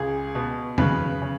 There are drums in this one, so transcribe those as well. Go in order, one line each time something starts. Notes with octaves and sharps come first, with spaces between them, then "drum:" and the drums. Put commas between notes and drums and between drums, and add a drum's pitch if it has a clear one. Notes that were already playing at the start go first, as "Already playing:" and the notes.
Already playing: C#2 G#4
B2
C#3 B4, drum: tom E2
C#3